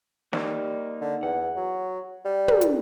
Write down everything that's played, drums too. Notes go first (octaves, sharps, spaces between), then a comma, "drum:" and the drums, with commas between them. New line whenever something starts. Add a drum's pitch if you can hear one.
G3 A#3 D#4, drum: snare
D3
E2 F#5
F#3
G3
drum: tom
drum: hi-hat